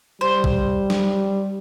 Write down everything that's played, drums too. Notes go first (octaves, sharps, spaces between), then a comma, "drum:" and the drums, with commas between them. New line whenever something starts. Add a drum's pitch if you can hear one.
G3 C5
drum: kick A1
drum: snare